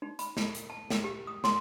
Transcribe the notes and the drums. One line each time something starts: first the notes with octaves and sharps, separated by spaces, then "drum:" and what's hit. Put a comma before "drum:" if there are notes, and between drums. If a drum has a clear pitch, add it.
D#4
B5, drum: hi-hat
B5, drum: snare
drum: hi-hat
A5
drum: snare
G4
D#6
C6, drum: snare